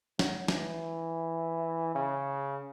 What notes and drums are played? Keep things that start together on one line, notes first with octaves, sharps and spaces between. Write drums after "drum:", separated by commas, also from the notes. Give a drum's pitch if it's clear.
F#3, drum: snare
E3, drum: snare
C#3